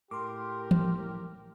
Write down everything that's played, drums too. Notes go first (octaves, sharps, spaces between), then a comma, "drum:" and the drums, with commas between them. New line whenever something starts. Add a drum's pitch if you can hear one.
A2 G4 A#4 C6 D6
drum: tom E3